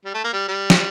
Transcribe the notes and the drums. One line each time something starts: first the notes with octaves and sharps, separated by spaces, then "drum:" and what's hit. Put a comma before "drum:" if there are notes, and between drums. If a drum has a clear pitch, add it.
G3
A3
A#3
G3
G3
drum: snare